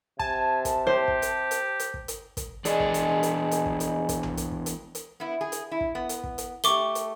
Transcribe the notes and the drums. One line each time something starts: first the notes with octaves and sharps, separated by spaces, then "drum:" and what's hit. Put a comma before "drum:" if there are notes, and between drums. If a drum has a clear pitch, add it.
C3 G#5 A5, drum: kick
drum: kick, hi-hat
G4 C5
drum: kick
drum: hi-hat
drum: hi-hat
drum: hi-hat
drum: kick
drum: hi-hat
drum: kick, hi-hat
E2 D4 G#4 D5 D#5 G#5, drum: hi-hat
drum: kick
drum: hi-hat
drum: hi-hat
drum: hi-hat
drum: kick
drum: hi-hat
drum: kick, hi-hat
drum: tom B1
drum: hi-hat
drum: kick
drum: hi-hat
drum: hi-hat
B3 E4
G#4
drum: hi-hat
E4
drum: kick
B3
drum: hi-hat
drum: kick
drum: hi-hat
A3 G4 C#6 D6 G7, drum: hi-hat
drum: hi-hat